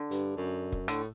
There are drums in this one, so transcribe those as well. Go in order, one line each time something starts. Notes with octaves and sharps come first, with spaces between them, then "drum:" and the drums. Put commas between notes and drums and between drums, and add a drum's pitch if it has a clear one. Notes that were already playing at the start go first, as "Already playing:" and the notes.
Already playing: D3
G2, drum: hi-hat
F#2
drum: kick F1
A2 D3, drum: hi-hat